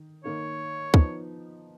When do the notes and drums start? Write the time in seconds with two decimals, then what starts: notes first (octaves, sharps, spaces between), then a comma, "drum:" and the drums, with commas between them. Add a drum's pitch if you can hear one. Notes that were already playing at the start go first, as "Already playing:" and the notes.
Already playing: D#3
0.24 D#3 A#3 D#4 C#5
0.94 F3 B3 D#4, drum: kick